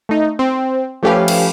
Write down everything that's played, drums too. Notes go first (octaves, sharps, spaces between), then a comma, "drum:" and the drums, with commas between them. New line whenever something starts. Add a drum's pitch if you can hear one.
A3 D#4
C4
F3 A3 C#4 G4 B4 F5
drum: cymbal